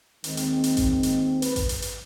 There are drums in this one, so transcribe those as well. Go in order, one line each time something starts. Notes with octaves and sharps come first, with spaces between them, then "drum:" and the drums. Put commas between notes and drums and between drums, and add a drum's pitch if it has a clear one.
D#2 D#3 G#3 C4, drum: hi-hat
drum: hi-hat
drum: hi-hat
drum: kick G#1, hi-hat
drum: hi-hat
B4, drum: hi-hat
drum: kick G#1, hi-hat
drum: hi-hat
drum: hi-hat